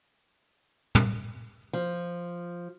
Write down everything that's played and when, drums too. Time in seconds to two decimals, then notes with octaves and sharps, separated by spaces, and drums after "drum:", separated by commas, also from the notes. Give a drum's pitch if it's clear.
0.95 drum: tom
1.73 F3